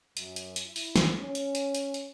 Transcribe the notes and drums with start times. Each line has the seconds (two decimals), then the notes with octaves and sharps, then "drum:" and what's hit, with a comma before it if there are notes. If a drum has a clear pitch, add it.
0.17 F#2, drum: hi-hat
0.36 drum: hi-hat
0.56 drum: hi-hat
0.66 E4
0.76 drum: open hi-hat
0.96 drum: snare
1.20 C#4
1.35 drum: hi-hat
1.55 drum: hi-hat
1.75 drum: hi-hat
1.94 drum: hi-hat